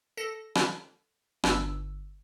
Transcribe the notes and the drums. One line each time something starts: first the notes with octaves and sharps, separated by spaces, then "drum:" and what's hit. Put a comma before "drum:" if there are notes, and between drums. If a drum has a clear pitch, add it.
A4 A#6
drum: rim click
G1 E6, drum: rim click